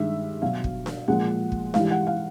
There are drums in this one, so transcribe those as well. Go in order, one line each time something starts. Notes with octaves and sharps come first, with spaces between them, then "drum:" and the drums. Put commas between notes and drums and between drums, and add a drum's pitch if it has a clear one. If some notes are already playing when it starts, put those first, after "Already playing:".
Already playing: G2 D#3 G#3 E5
B2 F#3 F5
drum: kick
drum: snare D4
A#2 F3 G#3 F#5
drum: kick
G#2 E3 G3 F5, drum: snare D4
F#5
F5